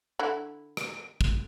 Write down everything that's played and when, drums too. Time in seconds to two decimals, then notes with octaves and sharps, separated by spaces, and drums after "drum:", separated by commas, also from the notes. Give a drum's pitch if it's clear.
0.19 D3 E4
0.77 drum: rim click
1.21 drum: kick